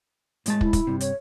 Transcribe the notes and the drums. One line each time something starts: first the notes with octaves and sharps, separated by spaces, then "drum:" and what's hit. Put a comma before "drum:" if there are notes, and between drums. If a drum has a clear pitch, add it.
A2 G#3 A5, drum: hi-hat
E4, drum: kick
drum: kick, hi-hat
G2 C3
C#5, drum: hi-hat